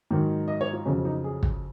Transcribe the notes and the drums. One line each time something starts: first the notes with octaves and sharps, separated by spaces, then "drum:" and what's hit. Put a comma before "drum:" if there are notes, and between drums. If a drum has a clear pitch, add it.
G#2 D#3 F#3
D#5
C#5
F4
F2 C#3 F#3 C#4
D#4
G#4
drum: kick